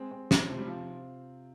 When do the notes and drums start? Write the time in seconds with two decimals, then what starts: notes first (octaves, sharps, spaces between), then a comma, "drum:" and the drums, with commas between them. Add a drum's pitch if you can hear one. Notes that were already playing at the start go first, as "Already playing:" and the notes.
Already playing: G#3 C4
0.11 C4
0.31 C4, drum: snare
0.49 C3 F3
0.58 G3
0.67 F3 F4